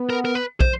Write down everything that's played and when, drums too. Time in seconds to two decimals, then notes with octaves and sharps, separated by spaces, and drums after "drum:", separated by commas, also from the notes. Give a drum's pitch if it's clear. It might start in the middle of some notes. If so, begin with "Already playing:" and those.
Already playing: B3
0.10 A#4
0.25 A#4
0.35 B4
0.61 C5, drum: kick